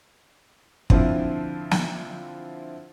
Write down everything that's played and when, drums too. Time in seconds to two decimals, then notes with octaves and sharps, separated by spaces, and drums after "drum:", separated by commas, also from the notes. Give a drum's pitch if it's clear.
0.90 D3 F3 C4 D4 E4 F4, drum: kick
1.71 drum: snare